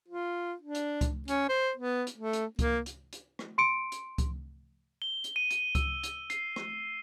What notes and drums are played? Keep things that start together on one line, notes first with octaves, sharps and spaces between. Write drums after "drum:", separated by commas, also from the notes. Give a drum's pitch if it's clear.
F4
D4
drum: hi-hat
drum: kick C#2, hi-hat
C#4, drum: hi-hat
C5
B3
drum: hi-hat
A3
drum: hi-hat
A#3, drum: kick C#2, hi-hat
drum: hi-hat
drum: hi-hat
drum: rim click
C6 C#7 D7
drum: hi-hat
drum: kick C#2, hi-hat
G7
drum: hi-hat
D#7
drum: hi-hat
E6, drum: kick C#2, hi-hat
drum: hi-hat
C7, drum: hi-hat
drum: rim click